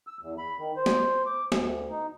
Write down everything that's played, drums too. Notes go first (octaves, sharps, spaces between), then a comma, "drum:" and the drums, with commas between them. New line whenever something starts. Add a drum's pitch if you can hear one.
E6
E2
B5
D#3
C5
drum: snare
D6
D2, drum: snare
D#4